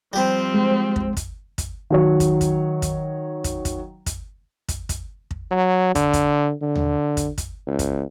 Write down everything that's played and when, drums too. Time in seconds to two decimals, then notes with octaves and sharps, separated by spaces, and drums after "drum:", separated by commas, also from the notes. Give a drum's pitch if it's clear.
0.13 F3 G3 C4 G4
0.54 G#3
0.96 drum: kick
1.17 drum: kick, hi-hat
1.58 drum: kick, hi-hat
1.90 D#3 F#3 C#5
2.20 drum: kick, hi-hat
2.41 drum: kick, hi-hat
2.82 drum: kick, hi-hat
3.44 drum: kick, hi-hat
3.65 drum: kick, hi-hat
4.06 drum: kick, hi-hat
4.68 drum: kick, hi-hat
4.89 drum: kick, hi-hat
5.31 drum: kick
5.51 F#3
5.95 D3, drum: kick, hi-hat
6.13 drum: kick, hi-hat
6.62 D3
6.75 drum: tom D#2
7.17 drum: kick, hi-hat
7.38 drum: kick, hi-hat
7.67 C#2
7.79 drum: kick, hi-hat